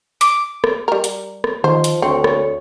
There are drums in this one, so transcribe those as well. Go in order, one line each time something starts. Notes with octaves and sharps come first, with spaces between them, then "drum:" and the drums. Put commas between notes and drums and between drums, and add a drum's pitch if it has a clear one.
D6, drum: hi-hat
drum: rim click
G3 A#4
drum: hi-hat
drum: rim click
D#3 F3 C5
drum: hi-hat
D2 C4 C#5
drum: rim click